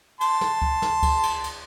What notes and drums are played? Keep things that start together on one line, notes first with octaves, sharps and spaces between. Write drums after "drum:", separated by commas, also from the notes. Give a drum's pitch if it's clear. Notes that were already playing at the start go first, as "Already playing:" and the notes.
A5 C6, drum: cymbal
drum: snare
drum: kick C#2
drum: snare
drum: kick C#2, cymbal
drum: cymbal
drum: cymbal